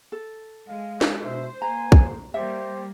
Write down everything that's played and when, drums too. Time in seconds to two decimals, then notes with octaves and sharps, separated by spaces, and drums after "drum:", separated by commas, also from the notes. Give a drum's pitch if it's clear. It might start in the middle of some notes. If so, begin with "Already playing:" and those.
0.12 A4
0.68 G#3 F5
1.01 drum: snare
1.24 B2 C5 E5
1.62 A#3 G#5 A#5
1.92 drum: kick
2.34 G3 A#3 G4 C5 E5